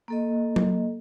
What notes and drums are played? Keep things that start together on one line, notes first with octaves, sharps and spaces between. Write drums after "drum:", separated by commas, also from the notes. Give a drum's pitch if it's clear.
A#3 A4 D#5
drum: tom F#3